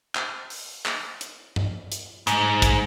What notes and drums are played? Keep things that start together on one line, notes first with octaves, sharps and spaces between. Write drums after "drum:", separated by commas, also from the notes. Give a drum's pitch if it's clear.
drum: clap
drum: open hi-hat
drum: clap
drum: hi-hat
drum: tom G2
drum: hi-hat
G#2, drum: hi-hat
drum: kick, hi-hat